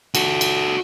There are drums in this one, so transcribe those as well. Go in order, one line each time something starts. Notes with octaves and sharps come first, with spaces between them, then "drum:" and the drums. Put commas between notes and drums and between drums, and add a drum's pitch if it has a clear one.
F#4 A4, drum: cymbal
drum: cymbal